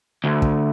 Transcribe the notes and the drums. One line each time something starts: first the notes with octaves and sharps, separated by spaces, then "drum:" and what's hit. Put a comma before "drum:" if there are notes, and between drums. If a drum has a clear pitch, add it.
D2
drum: kick